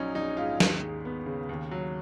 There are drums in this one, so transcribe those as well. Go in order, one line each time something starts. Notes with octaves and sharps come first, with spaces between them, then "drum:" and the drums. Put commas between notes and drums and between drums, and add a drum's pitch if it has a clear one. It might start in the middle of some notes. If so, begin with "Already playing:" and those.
Already playing: A#1 F#3 C#4 D#4
A#1 D#4
G#2 F4
D#2, drum: snare
G#3
B3
C#3
D#2
F#3